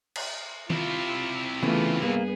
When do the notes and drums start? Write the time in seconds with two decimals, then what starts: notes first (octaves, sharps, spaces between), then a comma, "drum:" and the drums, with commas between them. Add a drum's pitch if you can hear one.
0.16 drum: cymbal
0.70 C3 E4 F4, drum: tom D#3
1.63 E2 C#3 E3 A3 B3 F4
2.02 G2 A#3 B3 G#4